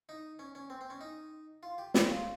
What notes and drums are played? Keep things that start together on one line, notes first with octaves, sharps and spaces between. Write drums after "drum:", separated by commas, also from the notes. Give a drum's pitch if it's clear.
D#4
C#4
C#4
C4
C4
C#4
D#4
F4
G4
G4, drum: snare
F4